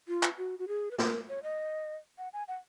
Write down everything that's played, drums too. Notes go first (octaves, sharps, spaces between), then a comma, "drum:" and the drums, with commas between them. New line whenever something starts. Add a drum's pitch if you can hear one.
F4
drum: clap
F#4
F#4
G#4
B4
A#4, drum: snare
C#5
D#5
F#5
G#5
F#5